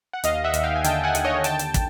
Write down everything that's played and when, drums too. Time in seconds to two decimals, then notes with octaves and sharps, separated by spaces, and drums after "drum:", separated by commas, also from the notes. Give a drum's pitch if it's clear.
0.13 F#5
0.24 D#2 D#5 F5, drum: hi-hat
0.44 E5 F#5
0.54 D#2, drum: hi-hat
0.64 F5 G5
0.76 G#5
0.84 D3 G5 A5, drum: hi-hat
1.04 F#5 G#5
1.15 D#2, drum: hi-hat
1.25 C#5 D#5
1.44 D3 G5 A5, drum: hi-hat
1.59 drum: hi-hat
1.74 drum: kick, hi-hat